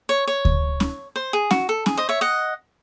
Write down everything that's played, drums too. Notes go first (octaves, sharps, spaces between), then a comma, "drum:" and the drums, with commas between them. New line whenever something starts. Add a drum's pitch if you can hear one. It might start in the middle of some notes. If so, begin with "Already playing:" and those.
C#5
C#5
drum: kick D2
drum: snare
C5
G#4
F#4, drum: snare
A4
G#4, drum: snare
C5 D#5
C#5 E5
D#5 F#5